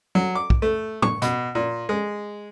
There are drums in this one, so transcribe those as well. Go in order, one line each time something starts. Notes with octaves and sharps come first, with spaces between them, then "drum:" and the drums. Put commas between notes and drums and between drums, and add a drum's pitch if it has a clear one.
F#3
D6
drum: kick
A3
C#6, drum: tom
B2, drum: hi-hat
A#2
G#3